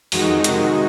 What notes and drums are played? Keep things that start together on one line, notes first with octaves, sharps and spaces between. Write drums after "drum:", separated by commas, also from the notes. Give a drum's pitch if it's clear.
F2 D#3 G#3 D#4 F#4, drum: open hi-hat
C3 D#3 G#3, drum: hi-hat